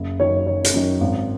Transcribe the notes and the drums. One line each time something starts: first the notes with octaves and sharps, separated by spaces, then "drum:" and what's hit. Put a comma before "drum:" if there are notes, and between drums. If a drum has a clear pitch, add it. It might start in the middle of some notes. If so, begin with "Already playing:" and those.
Already playing: F#1
F#2 D#3 C#5
F#1 C#5
drum: hi-hat
F#2 D#3
G#1